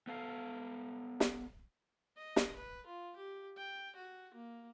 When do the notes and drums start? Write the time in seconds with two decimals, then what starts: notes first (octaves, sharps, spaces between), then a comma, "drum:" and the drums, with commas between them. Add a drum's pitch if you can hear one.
0.07 B3 A4 F5
1.20 drum: snare
2.17 D#5
2.36 drum: snare
2.56 B4
2.86 F4
3.16 G4
3.58 G5
3.96 F#4
4.34 A#3